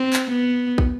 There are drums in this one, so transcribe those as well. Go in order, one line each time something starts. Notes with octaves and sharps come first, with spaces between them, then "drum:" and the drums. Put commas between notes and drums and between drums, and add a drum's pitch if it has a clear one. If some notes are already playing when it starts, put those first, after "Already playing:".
Already playing: C4
drum: clap
B3
drum: kick